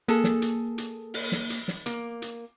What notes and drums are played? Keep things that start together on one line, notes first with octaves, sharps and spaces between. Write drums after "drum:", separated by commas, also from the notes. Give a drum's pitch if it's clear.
A#3 G#4 A4, drum: hi-hat
drum: snare
drum: hi-hat
drum: hi-hat
drum: open hi-hat
drum: snare
drum: hi-hat
drum: snare
A#3, drum: hi-hat
drum: hi-hat